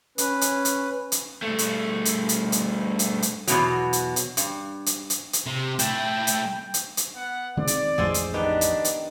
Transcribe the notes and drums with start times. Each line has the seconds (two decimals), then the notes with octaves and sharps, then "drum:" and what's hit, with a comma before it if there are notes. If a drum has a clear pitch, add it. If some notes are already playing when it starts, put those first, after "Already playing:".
0.18 C#4 B4, drum: hi-hat
0.41 drum: hi-hat
0.65 drum: hi-hat
1.12 drum: hi-hat
1.42 G2 A3
1.59 drum: hi-hat
2.05 drum: hi-hat
2.29 drum: hi-hat
2.52 drum: hi-hat
2.99 drum: hi-hat
3.22 drum: hi-hat
3.47 E2 B2 F#3, drum: hi-hat
3.93 drum: hi-hat
4.16 drum: hi-hat
4.37 G2, drum: hi-hat
4.86 drum: hi-hat
5.10 drum: hi-hat
5.33 drum: hi-hat
5.46 C3
5.79 A3 E4 G5, drum: hi-hat
6.27 drum: hi-hat
6.74 drum: hi-hat
6.97 drum: hi-hat
7.15 B3 F#5
7.57 D#3 G#3 C4 D5
7.67 drum: hi-hat
7.98 A1 F2 G#3 G#4 A4 C5
8.14 drum: hi-hat
8.34 D#3 B3 D4 G4
8.61 drum: hi-hat
8.85 drum: hi-hat